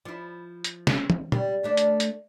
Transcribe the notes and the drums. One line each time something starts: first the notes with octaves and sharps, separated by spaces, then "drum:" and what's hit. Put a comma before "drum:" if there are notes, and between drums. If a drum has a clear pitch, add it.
F3 E4
drum: hi-hat
drum: snare
drum: tom
G3, drum: tom A#2
D2 A3 D4
drum: hi-hat
drum: hi-hat